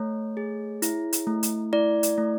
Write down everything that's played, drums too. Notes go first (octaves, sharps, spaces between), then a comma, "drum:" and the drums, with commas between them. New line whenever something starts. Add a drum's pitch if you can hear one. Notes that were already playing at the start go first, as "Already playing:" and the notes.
Already playing: A3 C#5
G#4
E4, drum: hi-hat
drum: hi-hat
A3
drum: hi-hat
E4 D5
drum: hi-hat
A3